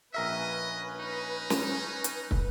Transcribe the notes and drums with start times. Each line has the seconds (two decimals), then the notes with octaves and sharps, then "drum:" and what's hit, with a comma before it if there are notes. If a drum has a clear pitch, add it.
0.14 A#1 C#4 A#4 B4 D#5 E5
1.00 D#4
1.50 drum: snare
2.04 drum: hi-hat
2.31 drum: kick